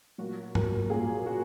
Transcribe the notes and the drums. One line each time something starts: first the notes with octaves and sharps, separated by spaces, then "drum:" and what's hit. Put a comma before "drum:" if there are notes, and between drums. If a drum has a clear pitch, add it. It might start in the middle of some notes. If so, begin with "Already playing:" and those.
A#2 F#3 A#3 F#4
A#4, drum: tom G#2
A#2 F#3 A#3 G#4
F#4